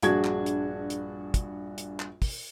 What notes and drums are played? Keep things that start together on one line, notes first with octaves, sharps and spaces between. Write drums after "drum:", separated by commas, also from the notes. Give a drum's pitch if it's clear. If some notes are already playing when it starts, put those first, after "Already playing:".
A#1 G2 D4 F#4 G#4 G#6, drum: hi-hat
drum: clap
drum: hi-hat
drum: hi-hat
drum: kick, hi-hat
drum: hi-hat
drum: clap
drum: kick, open hi-hat